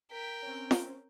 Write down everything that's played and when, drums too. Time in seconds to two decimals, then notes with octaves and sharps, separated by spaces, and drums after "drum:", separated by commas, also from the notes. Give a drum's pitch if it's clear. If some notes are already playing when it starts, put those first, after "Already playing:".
0.11 A#4 G5 B6
0.42 C4 C#4
0.71 drum: snare